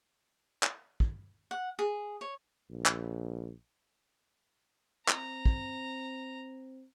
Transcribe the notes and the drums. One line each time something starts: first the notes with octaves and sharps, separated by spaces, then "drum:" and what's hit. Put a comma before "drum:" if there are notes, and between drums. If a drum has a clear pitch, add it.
drum: clap
drum: kick
F#5
G#4
C#5
A#1
drum: clap
C4 A#5, drum: clap
drum: kick